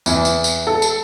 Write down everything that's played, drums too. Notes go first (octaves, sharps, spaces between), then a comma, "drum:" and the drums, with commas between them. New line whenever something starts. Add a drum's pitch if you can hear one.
E2, drum: tambourine
drum: tambourine
drum: tambourine
A4
drum: tambourine